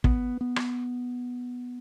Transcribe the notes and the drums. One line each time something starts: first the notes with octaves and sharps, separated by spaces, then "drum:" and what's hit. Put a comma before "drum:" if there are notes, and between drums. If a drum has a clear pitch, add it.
B3, drum: kick
B3
drum: rim click